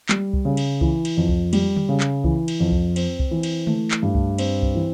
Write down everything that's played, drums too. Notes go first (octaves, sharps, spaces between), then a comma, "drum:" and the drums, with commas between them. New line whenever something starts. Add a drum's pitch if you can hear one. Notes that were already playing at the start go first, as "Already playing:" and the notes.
G3, drum: clap
drum: kick C2
C#3
drum: cymbal
E3, drum: kick C2
drum: cymbal
F2
drum: kick C2
G3, drum: cymbal
drum: tom D3
C#3
drum: clap
E3, drum: kick C2
drum: cymbal
F2
drum: kick C2
C4, drum: cymbal
drum: kick C2
E3
drum: cymbal
A3, drum: tom D3
drum: clap
G2
drum: kick C2
C4, drum: cymbal
drum: kick C2
E3